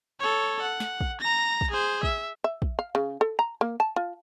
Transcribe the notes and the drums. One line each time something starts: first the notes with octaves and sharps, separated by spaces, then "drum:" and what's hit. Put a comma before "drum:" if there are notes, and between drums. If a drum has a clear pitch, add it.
A4 C#5
F#5
drum: snare
drum: kick
A#5 A#6
drum: kick
G#4 C5
E5, drum: kick
E5
drum: kick
F5
C#3
A4
A#5
A#3
A5
F4